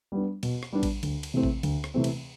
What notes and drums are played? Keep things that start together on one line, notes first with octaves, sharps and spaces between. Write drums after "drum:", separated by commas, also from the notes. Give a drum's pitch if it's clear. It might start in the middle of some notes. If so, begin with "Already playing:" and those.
G3 B3 D4
B2, drum: cymbal
drum: rim click
G3 B3 D4
drum: kick A1, cymbal
D2, drum: cymbal
drum: cymbal
C3 E3 A3 C4
drum: kick A1
D2, drum: cymbal
drum: rim click
C3 E3 A3 C4
drum: cymbal